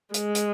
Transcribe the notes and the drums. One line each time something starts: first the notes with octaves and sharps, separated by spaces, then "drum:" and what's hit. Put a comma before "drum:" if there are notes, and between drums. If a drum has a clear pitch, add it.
G#3, drum: hi-hat
drum: hi-hat